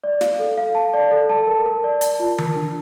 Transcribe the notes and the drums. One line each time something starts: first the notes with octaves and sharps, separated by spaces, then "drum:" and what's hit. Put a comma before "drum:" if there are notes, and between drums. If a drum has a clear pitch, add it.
D5
F5, drum: snare
A4
F5
A5
D5
A4
A5
A#4
A#4
D5
A5, drum: hi-hat
F4
A#4, drum: tom D#3
D4